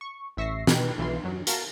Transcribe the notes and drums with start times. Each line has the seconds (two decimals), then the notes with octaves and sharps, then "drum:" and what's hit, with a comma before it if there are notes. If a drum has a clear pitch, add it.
0.01 C#6
0.37 A1 E5 C#6 A#6 C7
0.67 B2 B4 G5 F#6, drum: snare
0.98 B1 E3 F4 C6
1.23 F#2 F#3
1.47 F#4 A#4 F5 A5, drum: hi-hat